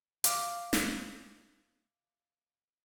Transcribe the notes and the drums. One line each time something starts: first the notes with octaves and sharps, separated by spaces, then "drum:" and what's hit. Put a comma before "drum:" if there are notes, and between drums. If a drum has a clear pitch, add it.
F5 D6 F6, drum: hi-hat
drum: snare